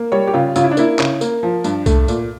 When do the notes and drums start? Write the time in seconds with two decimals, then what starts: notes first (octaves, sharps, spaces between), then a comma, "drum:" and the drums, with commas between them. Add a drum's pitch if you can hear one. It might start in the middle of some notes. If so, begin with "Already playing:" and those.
Already playing: A#3
0.12 G3 C#5
0.27 G4
0.33 C#3 F4
0.56 C#3 F4, drum: tambourine
0.64 E4
0.71 D4
0.77 A#3 E4, drum: tambourine
0.99 C#3, drum: clap
1.21 A#3, drum: tambourine
1.43 F3
1.64 G2, drum: tambourine
1.86 A3, drum: kick C2, tambourine
2.08 A#2, drum: tambourine